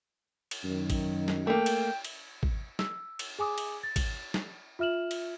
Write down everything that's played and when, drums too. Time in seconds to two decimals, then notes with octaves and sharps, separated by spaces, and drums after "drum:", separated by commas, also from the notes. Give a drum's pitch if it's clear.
0.51 drum: cymbal
0.64 F#2 D#3
0.90 drum: kick, cymbal
1.28 drum: snare
1.47 A3 A#3 G5
1.66 drum: cymbal
2.04 drum: cymbal
2.43 drum: kick
2.79 E6, drum: snare
3.19 drum: cymbal
3.39 G#4 G#5 D6 D#6
3.58 drum: cymbal
3.83 A6
3.96 drum: kick, cymbal
4.34 drum: snare
4.79 F4 E5 F6 E7 F#7
5.11 drum: cymbal